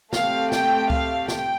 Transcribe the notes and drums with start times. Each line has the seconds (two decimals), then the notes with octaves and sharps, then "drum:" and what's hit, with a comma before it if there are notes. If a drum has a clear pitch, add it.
0.13 A3 C4 G4 F5, drum: snare
0.52 G5, drum: snare
0.90 F5, drum: kick C#2
1.28 G5, drum: snare